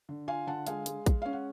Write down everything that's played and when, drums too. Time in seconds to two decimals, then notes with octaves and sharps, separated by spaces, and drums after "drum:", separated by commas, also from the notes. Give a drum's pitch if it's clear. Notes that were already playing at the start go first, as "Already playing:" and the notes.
0.09 D3
0.28 F4 F5 G#5
0.47 D3 F#5 A5
0.67 G#3 F5 G#5, drum: hi-hat
0.86 G#3, drum: hi-hat
1.06 G#3, drum: kick, hi-hat
1.22 C#4 F5
1.33 F#5